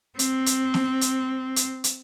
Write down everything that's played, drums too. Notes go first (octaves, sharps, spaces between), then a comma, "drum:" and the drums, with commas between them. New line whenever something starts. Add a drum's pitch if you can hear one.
C4, drum: hi-hat
drum: hi-hat
drum: snare B3
drum: hi-hat
drum: hi-hat
drum: hi-hat